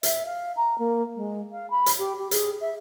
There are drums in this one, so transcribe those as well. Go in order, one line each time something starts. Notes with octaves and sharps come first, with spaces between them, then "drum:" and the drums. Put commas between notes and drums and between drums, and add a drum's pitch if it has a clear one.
E5, drum: hi-hat
F5
A#5
A#3
G#3
F5
B5
drum: hi-hat
G4
G4
G#4, drum: hi-hat
E5